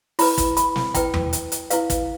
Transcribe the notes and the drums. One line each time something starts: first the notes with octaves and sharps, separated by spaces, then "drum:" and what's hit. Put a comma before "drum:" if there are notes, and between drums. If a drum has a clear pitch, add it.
E4 B4 B5, drum: open hi-hat
drum: kick, hi-hat
B5, drum: hi-hat
drum: snare
E4 B4 G5, drum: kick, hi-hat
drum: tom E2
drum: hi-hat
drum: hi-hat
E4 B4 F5, drum: hi-hat
drum: kick, hi-hat